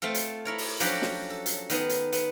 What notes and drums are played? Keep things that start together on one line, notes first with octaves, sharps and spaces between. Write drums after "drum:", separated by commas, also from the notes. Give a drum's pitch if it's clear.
A3 C4 F4 A4
drum: hi-hat
E4 A#4 C#5
drum: open hi-hat
F3 F#3 C#4 D4 F#4 G4, drum: hi-hat
drum: snare
A4
drum: hi-hat
D#3 B3 G#4, drum: hi-hat
drum: hi-hat
B3, drum: hi-hat